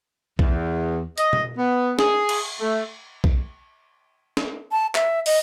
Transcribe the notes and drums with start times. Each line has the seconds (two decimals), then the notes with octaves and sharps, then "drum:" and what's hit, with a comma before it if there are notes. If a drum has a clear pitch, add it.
0.39 E2, drum: kick
1.18 D#5, drum: hi-hat
1.33 drum: tom B2
1.58 B3
1.99 G#4, drum: snare
2.29 drum: cymbal
2.61 A3
3.24 drum: kick
4.37 drum: snare
4.72 A5
4.95 E5, drum: clap
5.26 D#5, drum: open hi-hat